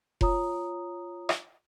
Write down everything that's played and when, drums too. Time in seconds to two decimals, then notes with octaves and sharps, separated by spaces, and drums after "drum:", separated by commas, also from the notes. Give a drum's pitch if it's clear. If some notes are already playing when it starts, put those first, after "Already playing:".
0.21 F4 C#5 A#5 D#6, drum: kick F1
1.29 drum: rim click